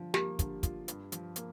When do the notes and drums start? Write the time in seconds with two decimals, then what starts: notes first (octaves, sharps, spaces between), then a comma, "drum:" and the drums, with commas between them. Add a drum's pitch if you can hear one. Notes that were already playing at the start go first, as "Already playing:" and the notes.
Already playing: D3 F3
0.14 A#3 G4, drum: snare
0.39 D3, drum: kick, hi-hat
0.63 F4, drum: kick, hi-hat
0.88 G2, drum: hi-hat
1.12 F3, drum: hi-hat
1.36 A#3, drum: hi-hat